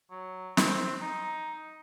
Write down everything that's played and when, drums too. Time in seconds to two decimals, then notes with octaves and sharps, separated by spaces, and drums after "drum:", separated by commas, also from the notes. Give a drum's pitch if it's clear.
0.11 F#3
0.57 C4, drum: snare
1.01 D#4